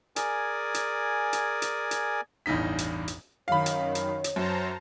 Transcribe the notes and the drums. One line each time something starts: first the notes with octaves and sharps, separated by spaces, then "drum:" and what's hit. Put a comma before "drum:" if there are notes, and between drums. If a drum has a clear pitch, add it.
G#4 A#4 D5 G#5, drum: hi-hat
drum: hi-hat
drum: hi-hat
drum: hi-hat
drum: hi-hat
A1 E2 G2 D#4 B6
drum: hi-hat
drum: hi-hat
F#2 D#3 C#5 F5 B5
drum: hi-hat
drum: hi-hat
drum: hi-hat
F#2 C5 A5 A#5